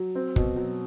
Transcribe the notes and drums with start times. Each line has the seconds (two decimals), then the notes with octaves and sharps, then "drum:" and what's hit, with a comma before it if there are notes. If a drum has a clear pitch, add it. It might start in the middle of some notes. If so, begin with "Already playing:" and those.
Already playing: F#3
0.15 C4
0.36 B2, drum: kick
0.57 F#3